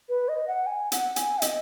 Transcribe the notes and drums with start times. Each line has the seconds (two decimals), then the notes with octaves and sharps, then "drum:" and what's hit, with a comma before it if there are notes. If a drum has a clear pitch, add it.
0.09 B4
0.28 D#5
0.48 F#5
0.66 G#5
0.92 F#5, drum: hi-hat
1.16 G#5, drum: hi-hat
1.42 D#5, drum: hi-hat